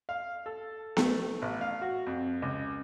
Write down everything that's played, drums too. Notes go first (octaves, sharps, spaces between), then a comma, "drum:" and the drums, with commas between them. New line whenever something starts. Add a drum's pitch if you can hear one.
F5
A4
A3, drum: snare B3
A1
F5
F#4
F2
C#2